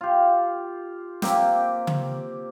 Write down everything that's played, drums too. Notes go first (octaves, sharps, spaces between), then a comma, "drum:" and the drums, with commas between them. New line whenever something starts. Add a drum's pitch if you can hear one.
F4 G4
A#3 C4 G4, drum: snare
drum: tom C#3